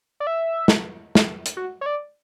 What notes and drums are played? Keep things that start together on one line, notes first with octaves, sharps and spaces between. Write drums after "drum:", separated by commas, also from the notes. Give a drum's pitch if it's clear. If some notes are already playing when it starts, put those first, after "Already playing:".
D5
E5
drum: snare
drum: snare
drum: hi-hat
F#4
C#5
D5